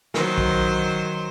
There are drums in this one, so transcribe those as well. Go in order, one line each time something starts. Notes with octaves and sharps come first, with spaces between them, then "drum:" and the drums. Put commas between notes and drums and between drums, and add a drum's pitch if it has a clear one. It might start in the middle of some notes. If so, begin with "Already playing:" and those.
D#3 F#3 C5, drum: snare
drum: kick A#1